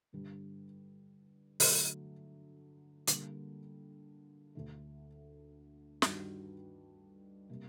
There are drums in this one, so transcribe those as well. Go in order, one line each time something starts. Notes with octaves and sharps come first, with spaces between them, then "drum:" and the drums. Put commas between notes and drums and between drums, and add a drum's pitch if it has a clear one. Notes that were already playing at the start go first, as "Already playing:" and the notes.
G2 D3 G3 D4
D3 F#3 A3, drum: open hi-hat
D3 G3 A#3, drum: hi-hat
D2 D3 A3
G2 D#3 G3 D4 F#4, drum: snare
C3 G3 A#3